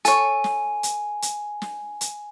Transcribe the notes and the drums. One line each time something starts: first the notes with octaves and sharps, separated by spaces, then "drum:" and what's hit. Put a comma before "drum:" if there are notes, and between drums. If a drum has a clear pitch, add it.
A4 C#5 G#5, drum: hi-hat
drum: snare
drum: hi-hat
drum: hi-hat
drum: snare
drum: hi-hat